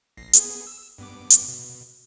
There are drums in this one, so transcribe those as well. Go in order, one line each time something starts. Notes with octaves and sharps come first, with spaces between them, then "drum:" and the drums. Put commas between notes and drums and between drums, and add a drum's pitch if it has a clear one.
A#1 A#6 C7
B3 G#4, drum: hi-hat
E6
G2 B3 D6
drum: hi-hat
B2